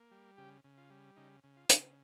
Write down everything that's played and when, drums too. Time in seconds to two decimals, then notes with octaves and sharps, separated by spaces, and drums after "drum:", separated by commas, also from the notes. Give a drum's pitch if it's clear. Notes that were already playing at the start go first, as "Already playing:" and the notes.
Already playing: A#3
0.11 G3
0.38 C#3 G4
0.64 C#3
0.78 F4
0.90 G3
1.16 C#3 D#4
1.44 C#3
1.57 F4
1.69 C#3, drum: hi-hat